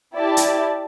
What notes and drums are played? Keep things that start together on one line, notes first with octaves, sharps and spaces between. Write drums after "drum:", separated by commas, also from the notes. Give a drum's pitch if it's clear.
E4 G4 D5 A5
drum: hi-hat